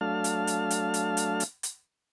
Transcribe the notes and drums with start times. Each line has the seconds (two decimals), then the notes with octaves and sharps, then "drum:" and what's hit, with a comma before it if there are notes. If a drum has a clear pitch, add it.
0.01 F#3 A3 D4 F5 A5 F6
0.24 drum: hi-hat
0.47 drum: hi-hat
0.70 drum: hi-hat
0.94 drum: hi-hat
1.17 drum: hi-hat
1.40 drum: hi-hat
1.63 drum: hi-hat